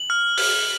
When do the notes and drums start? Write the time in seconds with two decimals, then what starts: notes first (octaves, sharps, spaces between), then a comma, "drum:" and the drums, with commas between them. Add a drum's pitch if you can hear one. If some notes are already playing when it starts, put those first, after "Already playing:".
Already playing: F#7
0.10 F6
0.38 F6, drum: open hi-hat